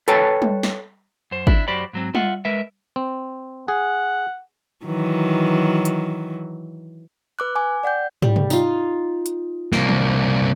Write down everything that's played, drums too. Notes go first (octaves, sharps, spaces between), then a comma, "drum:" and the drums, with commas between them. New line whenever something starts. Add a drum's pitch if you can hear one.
A4 B4 C#5 G5 A5, drum: hi-hat
drum: tom G3
drum: snare
F#2 C5
D4 E4, drum: kick
F#2 F#4 G4 C5 D5 B5
G#2 F#3 C4
F4 E5 F#5, drum: tom G3
G#3 A#4 B4 E5
C4
G#4 F#5
D#3 E3 F#3
drum: hi-hat
B4 D6 F#6
G#5 D6
D5 F#5 G5 G6
G3, drum: tom
drum: tom C3
D#4 F4, drum: tambourine
drum: hi-hat
C2 A#3, drum: snare
drum: tom D#3